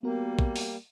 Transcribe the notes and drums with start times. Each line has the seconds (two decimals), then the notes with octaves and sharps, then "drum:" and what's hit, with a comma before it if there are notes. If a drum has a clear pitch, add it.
0.03 G3 A#3 B3 F#4 A#4
0.39 drum: kick
0.56 drum: open hi-hat